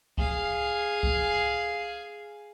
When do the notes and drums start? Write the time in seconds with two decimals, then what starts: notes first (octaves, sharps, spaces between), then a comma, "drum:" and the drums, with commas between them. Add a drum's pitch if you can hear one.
0.18 G#4 F5, drum: kick C2
1.03 drum: kick C2